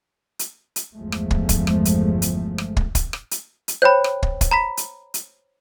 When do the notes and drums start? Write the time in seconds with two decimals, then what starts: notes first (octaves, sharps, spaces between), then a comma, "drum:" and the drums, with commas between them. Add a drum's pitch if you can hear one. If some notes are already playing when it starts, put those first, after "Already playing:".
0.39 drum: hi-hat
0.76 drum: hi-hat
0.94 G1 E2 F3 G#3 A3
1.12 drum: rim click
1.31 drum: kick
1.49 drum: kick, hi-hat
1.67 drum: rim click
1.85 drum: hi-hat
2.22 drum: hi-hat
2.58 drum: rim click
2.77 drum: kick
2.95 drum: kick, hi-hat
3.13 drum: rim click
3.31 drum: hi-hat
3.68 drum: hi-hat
3.82 C5 C#5 G5 B5 G6
4.04 drum: rim click
4.23 drum: kick
4.41 drum: kick, hi-hat
4.51 A#5 B5 B6
4.77 drum: hi-hat
5.14 drum: hi-hat